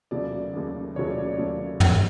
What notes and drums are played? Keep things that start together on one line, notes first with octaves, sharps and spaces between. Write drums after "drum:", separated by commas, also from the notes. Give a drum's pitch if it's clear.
D#2 C#3 F#3 A3 D5
D#2 C#3 F#3 A3
D#2 C#3 F#3 A3 C#5
D5
D5
D#2 C#3 F#3 A3
E2 B2 G3 A#3 C#4, drum: tom